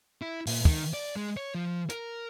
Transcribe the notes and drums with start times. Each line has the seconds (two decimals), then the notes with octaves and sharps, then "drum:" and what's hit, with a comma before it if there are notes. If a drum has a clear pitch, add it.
0.22 E4
0.47 A#2, drum: open hi-hat
0.65 D#3, drum: kick
0.94 D5
1.16 G#3
1.37 C#5
1.55 F3
1.90 A#4, drum: hi-hat